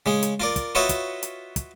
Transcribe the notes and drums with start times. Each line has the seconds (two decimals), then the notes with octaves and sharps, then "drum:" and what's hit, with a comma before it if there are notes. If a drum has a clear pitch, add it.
0.06 C#3 G#3 G#4
0.23 drum: hi-hat
0.40 F4 A#4 D5
0.56 drum: kick, hi-hat
0.75 F4 F#4 B4 C#5 D#5 E5
0.89 drum: kick, hi-hat
1.23 drum: hi-hat
1.56 drum: kick, hi-hat